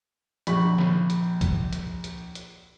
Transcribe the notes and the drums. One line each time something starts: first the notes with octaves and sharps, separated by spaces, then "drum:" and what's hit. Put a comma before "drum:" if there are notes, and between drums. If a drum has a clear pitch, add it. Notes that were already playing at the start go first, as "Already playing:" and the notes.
A#1 B5 C#6, drum: hi-hat
drum: snare
drum: hi-hat
drum: kick C2, hi-hat
drum: hi-hat
drum: hi-hat
drum: hi-hat